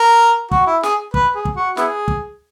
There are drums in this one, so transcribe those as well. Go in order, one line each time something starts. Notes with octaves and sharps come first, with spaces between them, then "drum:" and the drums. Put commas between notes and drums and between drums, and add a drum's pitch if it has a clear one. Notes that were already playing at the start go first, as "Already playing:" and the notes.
Already playing: A#4
F#4, drum: kick
E4
G#4, drum: snare
B4, drum: kick
G#4
drum: kick
F#4
B3 E4 G#4, drum: snare
drum: kick